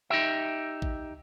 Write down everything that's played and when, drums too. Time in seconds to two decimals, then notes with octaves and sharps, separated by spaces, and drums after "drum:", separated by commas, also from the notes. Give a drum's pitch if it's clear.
0.10 D#4 G4 E5
0.82 drum: kick A1